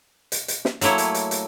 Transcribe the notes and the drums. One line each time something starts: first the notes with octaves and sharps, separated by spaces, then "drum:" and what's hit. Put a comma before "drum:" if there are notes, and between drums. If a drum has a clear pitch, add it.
drum: hi-hat
drum: hi-hat
drum: snare
F#3 A3 A#3 E4 C#5, drum: hi-hat
drum: hi-hat
drum: hi-hat
drum: hi-hat